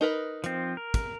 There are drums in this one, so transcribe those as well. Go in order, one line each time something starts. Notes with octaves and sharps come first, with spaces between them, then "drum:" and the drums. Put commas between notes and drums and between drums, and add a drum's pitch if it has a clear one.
D#4 A#4 B4
F3 C4, drum: hi-hat
A#4
drum: kick, hi-hat